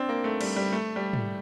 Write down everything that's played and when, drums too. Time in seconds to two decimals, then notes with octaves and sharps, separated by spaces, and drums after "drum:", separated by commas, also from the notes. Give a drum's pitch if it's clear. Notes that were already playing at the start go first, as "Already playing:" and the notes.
Already playing: C4 D4
0.09 A#3
0.24 A3
0.41 G3, drum: cymbal
0.56 G3
0.72 A3
0.96 G3
1.13 drum: tom